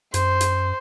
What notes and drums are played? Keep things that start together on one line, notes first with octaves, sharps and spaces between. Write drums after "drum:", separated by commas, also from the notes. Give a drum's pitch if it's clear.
F#2 C5, drum: hi-hat
drum: hi-hat